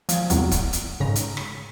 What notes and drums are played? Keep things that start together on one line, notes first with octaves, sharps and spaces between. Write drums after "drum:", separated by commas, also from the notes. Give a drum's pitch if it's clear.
F3 G#5, drum: hi-hat
E2 C3 F#3 A#3, drum: hi-hat
drum: kick, hi-hat
drum: hi-hat
G#2 C#3 A#5
drum: hi-hat
drum: rim click